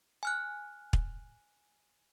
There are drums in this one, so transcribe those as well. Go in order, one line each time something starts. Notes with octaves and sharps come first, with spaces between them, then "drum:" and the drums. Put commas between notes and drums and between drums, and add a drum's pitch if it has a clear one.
G#5 F6 F#6
drum: kick